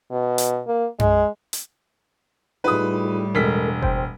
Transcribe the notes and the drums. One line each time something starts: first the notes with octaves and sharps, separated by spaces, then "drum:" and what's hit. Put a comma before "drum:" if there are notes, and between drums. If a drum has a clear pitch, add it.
B2
drum: hi-hat
A#3
G#3, drum: tom F#2
drum: hi-hat
A2 G3 D#4 F4 G#4 B4 D#6
E1 G#3 A4 A#4 B6
C5 G5, drum: kick F#1